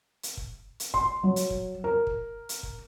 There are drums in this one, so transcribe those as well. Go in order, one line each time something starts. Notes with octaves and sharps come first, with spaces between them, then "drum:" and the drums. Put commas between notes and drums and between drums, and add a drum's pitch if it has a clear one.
drum: hi-hat
drum: kick
drum: hi-hat
C6, drum: kick
F#3
drum: hi-hat
drum: kick
A#4
drum: kick
drum: hi-hat
drum: kick